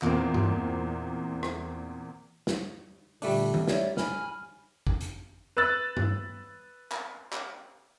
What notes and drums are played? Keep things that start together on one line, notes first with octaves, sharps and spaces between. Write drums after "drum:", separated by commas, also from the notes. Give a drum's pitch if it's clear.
E2 A#2 E3 A#3 C4, drum: clap
drum: tom G2
drum: rim click
drum: snare
A#2 D3 G3 A3 D4, drum: open hi-hat
drum: tom D#3
C#5 D5 E5, drum: snare
G#5 B5 F6, drum: snare
drum: kick
drum: hi-hat
B4 E6 F#6 A6
drum: tom G2
drum: clap
drum: clap